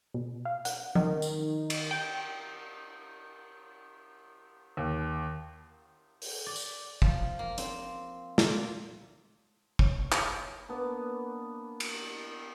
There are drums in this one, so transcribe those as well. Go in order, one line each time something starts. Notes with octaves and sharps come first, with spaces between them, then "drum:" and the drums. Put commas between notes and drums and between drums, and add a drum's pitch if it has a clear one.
B2
F5
F#5, drum: hi-hat
D#3, drum: tom F3
drum: tambourine
drum: cymbal
G5
D#2
drum: open hi-hat
D5
drum: tambourine
F3, drum: kick
A#3
C4, drum: hi-hat
A#2, drum: snare
C#5, drum: kick
drum: clap
A#3 B3 D4
drum: cymbal